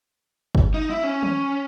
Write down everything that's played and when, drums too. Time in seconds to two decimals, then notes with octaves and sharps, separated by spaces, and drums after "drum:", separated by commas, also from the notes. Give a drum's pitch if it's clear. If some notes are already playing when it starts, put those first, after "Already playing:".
0.55 drum: kick G1
0.74 D#4
0.90 E4
1.04 C#4
1.23 drum: tom